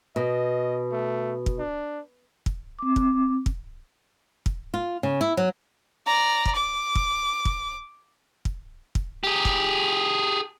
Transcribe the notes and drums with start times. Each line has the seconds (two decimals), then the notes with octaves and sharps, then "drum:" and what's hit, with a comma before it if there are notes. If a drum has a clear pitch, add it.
0.16 B2 D#5
0.92 A3
1.46 drum: kick
1.59 D4
2.46 drum: kick
2.79 C4 D6
2.96 drum: kick
3.46 drum: kick
4.46 drum: kick
4.74 F4
5.03 C#3
5.21 E4
5.37 F#3
6.07 D5 A#5
6.46 drum: kick
6.56 D6
6.95 drum: kick
7.45 drum: kick
8.45 drum: kick
8.95 drum: kick
9.24 G4 G#4
9.45 drum: kick